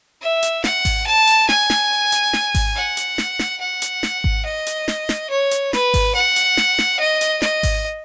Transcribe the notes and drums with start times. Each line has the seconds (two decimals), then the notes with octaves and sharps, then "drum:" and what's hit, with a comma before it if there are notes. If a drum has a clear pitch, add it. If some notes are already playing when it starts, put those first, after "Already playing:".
0.22 E5
0.43 drum: hi-hat
0.64 F#5, drum: snare
0.85 drum: kick G#1, open hi-hat
1.06 A5
1.27 drum: hi-hat
1.49 G#5, drum: snare
1.70 drum: snare
2.12 drum: hi-hat
2.33 drum: snare
2.55 drum: kick G#1, open hi-hat
2.76 F#5
2.97 drum: hi-hat
3.18 drum: snare
3.39 drum: snare
3.61 F#5
3.82 drum: hi-hat
4.03 drum: snare
4.24 drum: kick G#1
4.45 D#5
4.67 drum: hi-hat
4.88 drum: snare
5.09 drum: snare
5.30 C#5
5.51 drum: hi-hat
5.73 B4, drum: snare
5.94 drum: kick G#1, open hi-hat
6.15 F#5
6.36 drum: hi-hat
6.57 drum: snare
6.78 drum: snare
6.99 D#5
7.21 drum: hi-hat
7.42 D#5, drum: snare
7.63 drum: kick G#1, open hi-hat